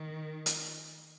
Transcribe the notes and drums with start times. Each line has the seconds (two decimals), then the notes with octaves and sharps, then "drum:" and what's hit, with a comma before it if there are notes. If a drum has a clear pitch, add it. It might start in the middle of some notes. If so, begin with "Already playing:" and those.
Already playing: D#3
0.46 drum: hi-hat